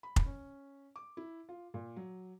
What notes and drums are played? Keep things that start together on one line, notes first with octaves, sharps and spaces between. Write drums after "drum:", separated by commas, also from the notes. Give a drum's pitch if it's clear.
B5
drum: kick F1
C#4
D6
E4
F4
A#2
F#3